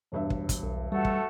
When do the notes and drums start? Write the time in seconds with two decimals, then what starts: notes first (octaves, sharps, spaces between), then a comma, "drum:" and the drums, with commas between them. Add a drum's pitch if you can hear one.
0.12 E1 G2 E5
0.30 drum: kick
0.49 drum: kick, hi-hat
0.63 B1
0.92 G3 A3 F#4 A4 F#5
1.05 drum: kick